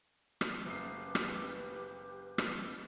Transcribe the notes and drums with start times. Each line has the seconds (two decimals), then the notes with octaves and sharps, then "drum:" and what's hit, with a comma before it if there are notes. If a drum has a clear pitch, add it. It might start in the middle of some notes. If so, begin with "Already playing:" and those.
0.41 drum: rim click
0.66 F#1 G4 B4 D6 D#6 C7
1.15 drum: rim click
2.38 drum: rim click